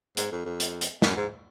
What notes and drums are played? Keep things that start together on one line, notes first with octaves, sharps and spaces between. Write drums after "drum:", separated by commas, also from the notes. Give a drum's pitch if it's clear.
G#2, drum: hi-hat
F2
F2
drum: hi-hat
drum: hi-hat
F#2, drum: snare
G#2